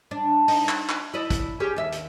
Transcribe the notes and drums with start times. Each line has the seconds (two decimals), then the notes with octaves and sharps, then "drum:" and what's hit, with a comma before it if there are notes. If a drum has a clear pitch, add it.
0.11 D4
0.48 D#4, drum: open hi-hat
0.69 drum: clap
0.89 drum: clap
1.14 E4 D5 D#5
1.30 drum: kick, hi-hat
1.60 C#4 G4 G#4
1.76 D#2 E5
1.92 drum: hi-hat